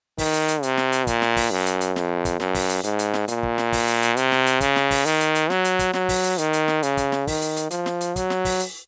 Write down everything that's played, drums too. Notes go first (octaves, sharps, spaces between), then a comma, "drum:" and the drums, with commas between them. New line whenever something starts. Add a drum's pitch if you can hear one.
D#3, drum: kick, open hi-hat
drum: hi-hat
drum: hi-hat
C3, drum: hi-hat
drum: snare
drum: hi-hat
A#2, drum: kick, hi-hat
drum: snare
drum: kick, open hi-hat
F#2
drum: hi-hat
drum: hi-hat
F2, drum: snare
drum: kick, hi-hat
F#2, drum: snare
drum: kick, open hi-hat
drum: hi-hat
G#2, drum: hi-hat
drum: hi-hat
drum: snare
A#2, drum: hi-hat
drum: kick
drum: snare
drum: kick, open hi-hat
drum: hi-hat
drum: hi-hat
C3, drum: hi-hat
drum: snare
drum: hi-hat
C#3, drum: kick, hi-hat
drum: snare
drum: kick, open hi-hat
D#3, drum: hi-hat
drum: hi-hat
drum: hi-hat
F#3, drum: snare
drum: hi-hat
drum: kick, hi-hat
F#3, drum: snare
drum: kick, open hi-hat
drum: hi-hat
D#3, drum: hi-hat
drum: hi-hat
drum: snare
C#3, drum: hi-hat
drum: kick, hi-hat
drum: snare
D#3, drum: kick, open hi-hat
drum: hi-hat
drum: hi-hat
F3, drum: hi-hat
drum: snare
drum: hi-hat
F#3, drum: kick, hi-hat
drum: snare
drum: kick, open hi-hat
drum: hi-hat